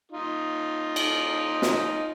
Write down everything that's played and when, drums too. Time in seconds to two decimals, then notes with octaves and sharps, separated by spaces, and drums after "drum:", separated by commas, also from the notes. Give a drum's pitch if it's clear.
0.12 D#4 F4
0.96 drum: cymbal
1.62 drum: snare